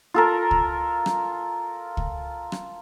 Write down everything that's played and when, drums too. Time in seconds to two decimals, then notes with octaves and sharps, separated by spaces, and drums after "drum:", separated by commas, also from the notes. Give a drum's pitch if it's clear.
0.14 F4 A4 A#4
0.51 drum: kick
1.06 drum: rim click
1.97 drum: kick
2.52 drum: rim click